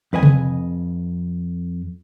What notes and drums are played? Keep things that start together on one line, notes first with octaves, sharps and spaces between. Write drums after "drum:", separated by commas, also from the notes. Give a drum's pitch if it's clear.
F2 B4 D#5 G#5
drum: tom C3